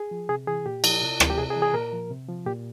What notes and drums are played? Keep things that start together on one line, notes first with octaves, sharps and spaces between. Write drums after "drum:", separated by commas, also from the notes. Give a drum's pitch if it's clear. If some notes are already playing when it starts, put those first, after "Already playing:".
Already playing: G#4
F3
C3 G#4
E3 G#4
A#2 G4
F3, drum: cymbal
C3
E3, drum: rim click
G4
C3 G#4
G#4
E3
G#4
A#2 A#4
F3
C3
F3
A#2 G4